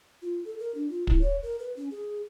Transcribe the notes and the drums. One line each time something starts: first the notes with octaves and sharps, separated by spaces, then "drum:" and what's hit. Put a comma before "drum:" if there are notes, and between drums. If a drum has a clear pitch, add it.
F4
A4
A#4
D4
F4
E4, drum: kick
C#5
A#4
B4
C#4
G#4